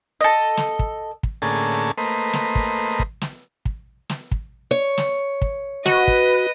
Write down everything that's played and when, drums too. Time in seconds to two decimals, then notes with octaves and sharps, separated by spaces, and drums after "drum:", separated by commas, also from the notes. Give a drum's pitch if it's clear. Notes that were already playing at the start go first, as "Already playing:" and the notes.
0.21 A4 D#5
0.57 drum: snare
0.79 drum: kick
1.23 drum: kick
1.42 A2 D3 A#3 C#4 G#4 A5
1.98 A3 A#3 B4 C5 D#5
2.33 drum: snare
2.55 drum: kick
2.99 drum: kick
3.21 drum: snare
3.65 drum: kick
4.09 drum: snare
4.32 drum: kick
4.71 C#5
4.98 drum: snare
5.42 drum: kick
5.86 F#4 B4 D#5, drum: snare
6.08 drum: kick